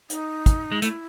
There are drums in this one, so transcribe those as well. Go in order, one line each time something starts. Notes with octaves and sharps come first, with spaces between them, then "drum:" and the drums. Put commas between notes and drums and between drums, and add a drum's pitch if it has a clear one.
D#4, drum: hi-hat
drum: kick, hi-hat
G#3
A3 E4, drum: hi-hat